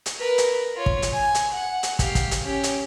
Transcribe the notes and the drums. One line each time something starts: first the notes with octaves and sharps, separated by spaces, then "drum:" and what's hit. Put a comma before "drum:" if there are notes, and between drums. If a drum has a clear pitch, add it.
drum: hi-hat
A#4 B4
drum: hi-hat
F4 C#5
drum: kick
drum: hi-hat
G#5
drum: hi-hat
F#5
drum: hi-hat
G4 F5, drum: kick, hi-hat
drum: kick, hi-hat
drum: hi-hat
C#4 G4
drum: hi-hat